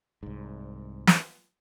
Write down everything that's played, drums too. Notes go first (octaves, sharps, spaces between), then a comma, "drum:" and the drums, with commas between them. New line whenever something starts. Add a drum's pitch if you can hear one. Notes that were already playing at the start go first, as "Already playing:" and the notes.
C2 G#2
drum: snare